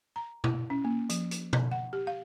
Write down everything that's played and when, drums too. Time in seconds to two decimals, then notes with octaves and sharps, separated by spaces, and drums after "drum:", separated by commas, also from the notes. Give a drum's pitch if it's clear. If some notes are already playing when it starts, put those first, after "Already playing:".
0.16 A#5
0.44 E4, drum: tom B2
0.70 C#4
0.85 A#3
1.10 F3, drum: hi-hat
1.31 drum: hi-hat
1.53 drum: tom B2
1.71 F#5
1.93 G4
2.07 F5